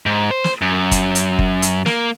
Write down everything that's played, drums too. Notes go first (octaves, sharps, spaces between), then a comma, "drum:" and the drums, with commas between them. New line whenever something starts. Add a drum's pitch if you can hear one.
G#2
C5
drum: snare
F#2
drum: kick F#1, hi-hat
drum: hi-hat
drum: kick F#1
drum: hi-hat
A#3, drum: snare